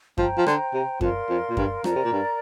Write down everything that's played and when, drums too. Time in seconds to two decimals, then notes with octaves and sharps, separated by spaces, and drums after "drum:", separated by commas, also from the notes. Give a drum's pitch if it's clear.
0.18 F3 C5 G5 A#5, drum: kick F#2
0.37 F3
0.47 D3, drum: rim click
0.74 C3
1.01 F2 A#4 D5 F5 C6, drum: kick F#2
1.29 F2
1.50 A#2
1.57 G2, drum: kick F#2
1.84 F2 A#4 D5 A#5, drum: rim click
1.95 C3
2.04 A#2
2.12 G2